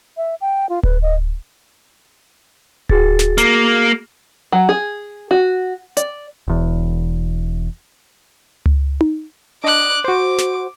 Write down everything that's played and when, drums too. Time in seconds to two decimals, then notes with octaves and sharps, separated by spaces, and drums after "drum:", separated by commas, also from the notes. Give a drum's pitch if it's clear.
0.17 E5
0.41 G5
0.69 F4
0.83 B4, drum: kick D1
1.02 D#5
2.89 F#4 G#4 A6, drum: kick D1
3.19 drum: snare
3.38 A#3, drum: hi-hat
4.52 F#3
4.69 G#4
5.31 F#4
5.97 D5, drum: hi-hat
6.48 E1 E2
8.66 drum: tom C#2
9.01 drum: tom D#4
9.64 D4 D#5 D6 F#6
10.04 F#4 C5 D6
10.39 drum: snare